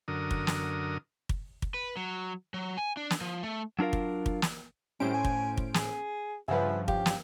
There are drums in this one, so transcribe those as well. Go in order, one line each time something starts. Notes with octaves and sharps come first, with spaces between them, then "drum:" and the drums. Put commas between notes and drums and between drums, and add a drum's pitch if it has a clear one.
F#2 D3 A#4 D#6
drum: kick
drum: snare
drum: kick
drum: kick
B4
F#3
F#3
G#5
D4
drum: snare
F3
A3
F#3 D4 F4 A#4 F5
drum: kick
drum: kick
drum: snare
A2 G3 C#4 C5 D7
G#5
drum: kick
drum: kick
G#4, drum: snare
G2 C#3 F3 B4 E5 F#5 G#5
G4 F5, drum: kick
drum: snare